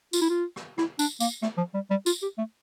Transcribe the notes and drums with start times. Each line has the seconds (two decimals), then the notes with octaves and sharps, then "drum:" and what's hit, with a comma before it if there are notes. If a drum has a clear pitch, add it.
0.13 F4, drum: tambourine
0.22 E4
0.30 F4
0.56 drum: rim click
0.78 E4, drum: rim click
0.99 D4, drum: tambourine
1.20 A#3, drum: tambourine
1.42 A3, drum: rim click
1.57 F3
1.74 G3
1.90 G3
2.06 F4, drum: tambourine
2.22 G4
2.38 A3